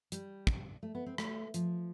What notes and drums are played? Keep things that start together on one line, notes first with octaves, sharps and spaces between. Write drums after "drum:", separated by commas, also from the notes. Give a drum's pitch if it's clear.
G3, drum: hi-hat
drum: kick
A3
B3
C4
A3, drum: rim click
F3, drum: hi-hat